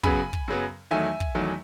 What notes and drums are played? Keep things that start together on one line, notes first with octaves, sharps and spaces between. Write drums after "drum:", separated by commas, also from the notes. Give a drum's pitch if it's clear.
F#2 C#3 F#3 B3 G#5 B5, drum: kick
drum: kick
F#2 C#3 F#3 B3
E2 D#3 F#3 A3 E5 G#5
drum: kick
E2 D#3 F#3 A3